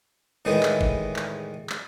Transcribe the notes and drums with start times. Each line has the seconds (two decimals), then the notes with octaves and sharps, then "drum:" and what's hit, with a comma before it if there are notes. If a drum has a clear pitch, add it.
0.45 E2 A2 D#3 E3 G#3 D#4
0.63 drum: clap
0.81 drum: kick F#1
1.16 drum: clap
1.70 drum: clap